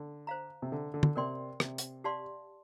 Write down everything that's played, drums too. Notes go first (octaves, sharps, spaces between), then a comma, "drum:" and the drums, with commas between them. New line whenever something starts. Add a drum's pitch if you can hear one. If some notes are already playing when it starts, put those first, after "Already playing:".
Already playing: D3
C5 F5 A#5
C3
D3
D3
drum: tom
C3 A#4 D5 G5 C6
C3, drum: rim click
drum: hi-hat
G4 D5 F5 A5 C6